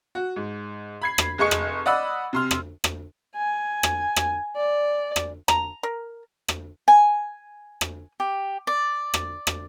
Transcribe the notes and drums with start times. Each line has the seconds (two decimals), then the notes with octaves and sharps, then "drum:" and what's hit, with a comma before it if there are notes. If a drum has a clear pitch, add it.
0.15 F#4
0.36 G#2
1.02 B5 G#6 C7
1.18 drum: rim click
1.38 F1 G#4 D#5 C#6 C#7
1.51 drum: rim click
1.86 D5 D#5 F#5 B5 D#6 E6
2.33 C3 C6 F6
2.51 drum: rim click
2.84 drum: rim click
3.37 G#5
3.83 drum: rim click
4.16 drum: rim click
4.57 D5
5.16 drum: rim click
5.48 A#5, drum: rim click
5.83 A#4
6.48 drum: rim click
6.88 G#5
7.81 drum: rim click
8.20 G4
8.67 D5
9.14 drum: rim click
9.47 drum: rim click